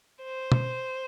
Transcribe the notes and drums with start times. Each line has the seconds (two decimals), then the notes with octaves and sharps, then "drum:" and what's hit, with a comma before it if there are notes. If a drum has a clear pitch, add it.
0.24 C5
0.52 drum: tom